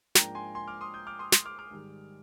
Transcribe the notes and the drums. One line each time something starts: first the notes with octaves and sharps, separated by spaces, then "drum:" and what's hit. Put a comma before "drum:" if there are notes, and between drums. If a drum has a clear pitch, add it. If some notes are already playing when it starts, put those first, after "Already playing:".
G#2 F3 A#3 D4 G5 A#5, drum: snare
G#5 C6
G#5 C6
D6 F6
C6 D#6
D#6 G6
D6 F6
C6 D#6
C6 D#6, drum: snare
D6 F6
D6 F6
G#2 D#3 G3